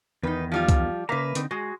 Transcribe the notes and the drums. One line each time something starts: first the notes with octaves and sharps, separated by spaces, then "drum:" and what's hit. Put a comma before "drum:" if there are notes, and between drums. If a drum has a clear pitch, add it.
E2 D#3 D#4 B4
F3 G3 F4
drum: kick C2, hi-hat
C#3 A#3 B4 E5 A#5
D3 C4 D#4, drum: hi-hat
G#3 F#4 G#4